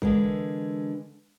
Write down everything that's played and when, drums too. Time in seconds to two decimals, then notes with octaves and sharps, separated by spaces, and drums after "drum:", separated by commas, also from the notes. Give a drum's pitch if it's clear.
0.02 D3 E3 G#3 A#4, drum: kick